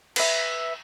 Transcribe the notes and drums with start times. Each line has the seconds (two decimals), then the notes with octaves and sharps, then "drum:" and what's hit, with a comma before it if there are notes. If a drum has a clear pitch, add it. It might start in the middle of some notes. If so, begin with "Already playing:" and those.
0.16 B4 E5, drum: cymbal